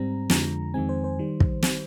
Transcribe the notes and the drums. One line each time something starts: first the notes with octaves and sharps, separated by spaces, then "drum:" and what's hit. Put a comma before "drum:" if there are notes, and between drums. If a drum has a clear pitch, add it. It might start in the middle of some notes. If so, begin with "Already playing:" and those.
Already playing: G#2 G3 C4 A#5
F2 D3 F3 G#3 A#5, drum: snare
F2 D#3 G#3 C4 G#5
C5
C5
D#3 G3
drum: kick
drum: snare